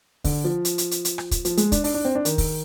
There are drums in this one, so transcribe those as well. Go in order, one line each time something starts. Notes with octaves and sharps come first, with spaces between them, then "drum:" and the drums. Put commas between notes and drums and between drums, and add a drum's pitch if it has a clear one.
D3, drum: kick, open hi-hat
F3
drum: hi-hat
drum: hi-hat
drum: hi-hat
drum: hi-hat
drum: rim click
drum: kick, hi-hat
F3, drum: hi-hat
G#3, drum: hi-hat
D4, drum: kick, hi-hat
D4, drum: open hi-hat
D4
C4
D4
D#3, drum: hi-hat
drum: kick, open hi-hat